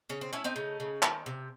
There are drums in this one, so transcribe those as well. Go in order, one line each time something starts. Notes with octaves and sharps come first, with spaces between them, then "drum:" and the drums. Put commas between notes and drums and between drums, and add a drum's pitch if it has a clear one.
C#3 C#4
C4
A3 C#4 E4
C4 D#4
C#3
C#3
D#3, drum: clap
C3